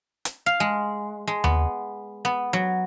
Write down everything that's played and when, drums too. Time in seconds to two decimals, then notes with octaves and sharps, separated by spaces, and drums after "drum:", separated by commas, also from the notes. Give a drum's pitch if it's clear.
0.25 drum: hi-hat
0.46 F5
0.60 G#3
1.27 G#3
1.44 B3, drum: tom D#2
2.25 B3
2.53 F#3